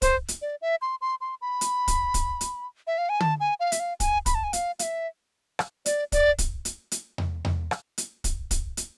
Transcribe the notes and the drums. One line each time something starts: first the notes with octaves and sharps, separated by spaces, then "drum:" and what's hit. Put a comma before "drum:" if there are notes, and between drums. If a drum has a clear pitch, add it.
C5, drum: kick, hi-hat
drum: hi-hat
D5
E5
C6
C6
C6
B5
drum: hi-hat
drum: kick, hi-hat
drum: kick, hi-hat
drum: hi-hat
E5
F5
G#5
A5, drum: tom
G#5
F5
E5, drum: hi-hat
F5
G#5, drum: kick, hi-hat
B5, drum: kick, hi-hat
A5
G#5
F5, drum: hi-hat
F5, drum: hi-hat
E5
drum: rim click
D5, drum: hi-hat
D5, drum: kick, hi-hat
drum: kick, hi-hat
drum: hi-hat
drum: hi-hat
drum: tom E2
drum: tom E2
drum: rim click
drum: hi-hat
drum: kick, hi-hat
drum: kick, hi-hat
drum: hi-hat